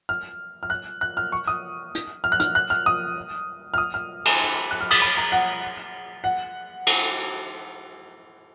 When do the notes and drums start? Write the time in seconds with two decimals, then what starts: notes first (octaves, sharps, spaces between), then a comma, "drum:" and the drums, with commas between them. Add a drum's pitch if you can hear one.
0.09 F6
0.63 F6
0.70 F#6
1.01 F#6
1.17 F6
1.32 C#6
1.47 D#6
1.95 drum: hi-hat
2.24 F6
2.32 F#6
2.40 F6, drum: hi-hat
2.55 F#6
2.70 F6
2.86 D#6
3.74 F6
3.78 D#6
3.94 F6
4.25 drum: cymbal
4.71 F#6
4.81 F6
4.91 D#6, drum: cymbal
5.02 B5
5.17 A#5
5.32 F#5
6.24 F#5
6.87 drum: cymbal